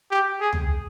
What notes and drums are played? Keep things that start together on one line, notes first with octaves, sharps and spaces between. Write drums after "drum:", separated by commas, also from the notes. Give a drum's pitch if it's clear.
G4
G#4
drum: tom